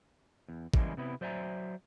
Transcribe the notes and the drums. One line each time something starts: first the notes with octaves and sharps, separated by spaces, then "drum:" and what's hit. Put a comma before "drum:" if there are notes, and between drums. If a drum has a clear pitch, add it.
E2
C#3 E3 G3 G#3 A#3, drum: kick
C3 B3 E4
F#3 C5 D5 E5 G#5 A#5